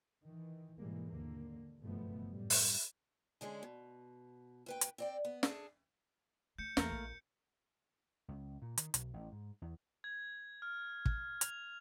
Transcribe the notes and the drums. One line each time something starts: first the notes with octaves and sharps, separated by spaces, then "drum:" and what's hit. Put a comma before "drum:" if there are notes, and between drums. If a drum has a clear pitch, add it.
D#3 E3
G#2 B2 E3 G3 G#3 A#3
D#2 D3 A#3
F#1 G2 B2 F3 A3 B3
F#2 A2 G3
drum: open hi-hat
D3 G#3 C#4 G#4
B2
D2 B4 G5
drum: hi-hat
C4 D5 G5
B3
D4 G#4 A4, drum: snare
A3 G6 C#7
E2 A3 A#3 A#4, drum: snare
A#1 A#2
C#2
A#2
D#3, drum: hi-hat
B1, drum: hi-hat
A1
G#2
E2
G#6
F6
drum: kick
F7, drum: hi-hat